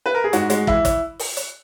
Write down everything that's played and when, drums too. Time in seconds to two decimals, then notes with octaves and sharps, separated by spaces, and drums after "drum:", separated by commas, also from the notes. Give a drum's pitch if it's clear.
0.06 B4
0.14 A#4
0.24 G#4
0.33 G#2 F#4, drum: hi-hat
0.50 G#3, drum: hi-hat
0.67 E3 E4, drum: kick
0.85 drum: kick, hi-hat
1.19 drum: open hi-hat
1.37 drum: hi-hat